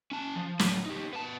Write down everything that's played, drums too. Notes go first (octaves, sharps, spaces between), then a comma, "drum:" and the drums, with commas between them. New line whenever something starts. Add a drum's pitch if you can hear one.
C#4 A5
F3
A2 F#3, drum: snare
D#4 G4
B3 A5